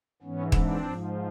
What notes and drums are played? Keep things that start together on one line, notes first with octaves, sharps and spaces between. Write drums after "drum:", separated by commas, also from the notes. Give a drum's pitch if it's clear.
G#2 E3 B3 C#4
C4 D4, drum: kick
G#2 F3